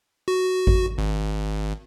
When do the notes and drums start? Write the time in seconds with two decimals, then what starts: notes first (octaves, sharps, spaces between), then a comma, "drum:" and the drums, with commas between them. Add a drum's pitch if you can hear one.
0.28 F#4
0.67 drum: kick G#1
0.98 G#1